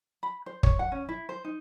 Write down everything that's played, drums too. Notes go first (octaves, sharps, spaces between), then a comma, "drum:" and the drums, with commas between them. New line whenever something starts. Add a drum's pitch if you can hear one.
B5
C5
C#5, drum: kick
F#5
C#4
E4
C5
D#4